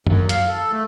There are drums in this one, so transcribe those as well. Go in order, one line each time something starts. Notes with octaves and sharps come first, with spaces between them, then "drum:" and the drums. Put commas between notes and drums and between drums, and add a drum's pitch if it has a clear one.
F#2, drum: tom F#2
F5, drum: hi-hat
A4
A3